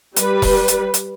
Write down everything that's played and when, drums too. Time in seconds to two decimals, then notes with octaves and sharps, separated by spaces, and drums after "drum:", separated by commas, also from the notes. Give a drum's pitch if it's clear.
0.16 G3 B4, drum: hi-hat
0.42 drum: kick E1, open hi-hat
0.68 drum: hi-hat
0.94 drum: hi-hat